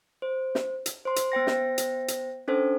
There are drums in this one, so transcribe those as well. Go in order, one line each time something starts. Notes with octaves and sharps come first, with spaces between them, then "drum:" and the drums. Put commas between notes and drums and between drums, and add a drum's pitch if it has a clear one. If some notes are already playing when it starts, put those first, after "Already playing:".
C5
drum: snare
drum: hi-hat
C5 C6
drum: hi-hat
B3 C5 G5 A#6
drum: snare
drum: hi-hat
drum: hi-hat
C#4 D4 A4 C5